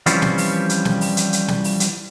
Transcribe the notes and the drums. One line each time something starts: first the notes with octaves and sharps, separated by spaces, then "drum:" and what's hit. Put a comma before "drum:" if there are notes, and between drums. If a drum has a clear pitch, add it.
E3 F3 G3 C4 C#4 F4, drum: hi-hat
drum: snare
drum: open hi-hat
drum: hi-hat
drum: snare
drum: open hi-hat
drum: hi-hat
drum: hi-hat
drum: snare
drum: open hi-hat
drum: hi-hat